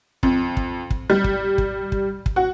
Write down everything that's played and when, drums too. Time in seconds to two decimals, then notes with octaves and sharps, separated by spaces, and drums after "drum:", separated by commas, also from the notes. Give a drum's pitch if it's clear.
0.23 F2, drum: kick
0.57 drum: kick
0.91 drum: kick
1.10 G3
1.24 drum: kick
1.58 drum: kick
1.92 drum: kick
2.26 drum: kick
2.36 F#4